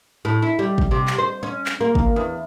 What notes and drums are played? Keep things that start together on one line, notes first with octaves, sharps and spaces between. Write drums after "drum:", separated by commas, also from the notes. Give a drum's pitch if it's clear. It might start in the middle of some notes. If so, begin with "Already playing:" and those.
A2
E4
G3
drum: kick
C3
drum: clap
C5
C#4
drum: clap
A#3
drum: kick
E2